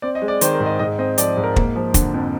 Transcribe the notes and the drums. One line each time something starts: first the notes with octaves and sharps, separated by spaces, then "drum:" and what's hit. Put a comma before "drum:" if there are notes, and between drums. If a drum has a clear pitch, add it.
C4 D5
D#5
G#3
D5
D#3 C5, drum: hi-hat
A#4
G#2
D#5
G#2 D#5
C4 D#5
F3 D5, drum: hi-hat
G#2
A#4
A#3, drum: kick
F3
D3, drum: kick, hi-hat
F2